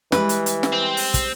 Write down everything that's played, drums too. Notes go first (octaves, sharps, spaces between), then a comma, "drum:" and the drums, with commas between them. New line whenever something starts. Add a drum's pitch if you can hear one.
E3 G3 G#3 B4, drum: snare
drum: hi-hat
drum: hi-hat
drum: snare
C4
drum: open hi-hat
drum: kick, hi-hat